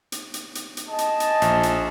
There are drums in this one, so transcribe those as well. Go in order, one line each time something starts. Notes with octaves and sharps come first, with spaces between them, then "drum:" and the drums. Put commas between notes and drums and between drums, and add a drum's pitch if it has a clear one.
drum: hi-hat
drum: hi-hat
drum: hi-hat
drum: hi-hat
G#4 D#5 A5
drum: hi-hat
drum: hi-hat
A#1, drum: hi-hat
drum: hi-hat